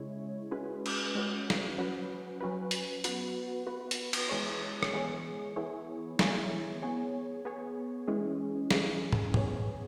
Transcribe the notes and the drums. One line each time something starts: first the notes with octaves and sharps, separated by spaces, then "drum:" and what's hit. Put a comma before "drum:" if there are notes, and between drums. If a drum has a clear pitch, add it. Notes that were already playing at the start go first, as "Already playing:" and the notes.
Already playing: C#3 G#3 E4 C#5
G#3 C#4 F#4 B4
drum: cymbal
G#3 C#4 F#4 B4
drum: snare
F#3 C#4 F#4 B4
F#3 C#4 F#4 B4
drum: hi-hat
B3 F#4 B4, drum: hi-hat
B3 F#4 B4
drum: hi-hat
drum: cymbal
E3 G#3 B3 G#4 C#5
drum: rim click
E3 G#3 B3 G#4 C#5
E3 B3 E4 G#4 C#5
E3 B3 E4 G#4 C#5, drum: snare
B3 G#4 C#5
B3 G#4 C#5
E3 G#3 C#4 G#4
E3 G#3 C#4 G#4, drum: snare
drum: tom
B3 G#4 C#5, drum: tom